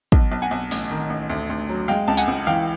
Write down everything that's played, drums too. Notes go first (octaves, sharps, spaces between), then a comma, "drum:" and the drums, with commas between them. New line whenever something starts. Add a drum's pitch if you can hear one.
B1, drum: kick
B1
F#5 G#5
B1
A1, drum: open hi-hat
D#3
A1
D2
D2
F#3
G#3 F5 G5
C#2 A5
F#5 G#5, drum: tambourine
C#2
E3 F5 G5